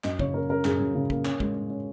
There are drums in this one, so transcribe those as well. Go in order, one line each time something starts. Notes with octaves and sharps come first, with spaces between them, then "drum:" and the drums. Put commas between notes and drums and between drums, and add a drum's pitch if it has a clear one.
F#2 D#5, drum: clap
C#3 C#5, drum: kick
C#4 A#4
C#4 A#4
F#2 G#4, drum: clap
F#2
C#3
A#3, drum: kick
C#4, drum: clap
G#3, drum: kick
C#4
C#4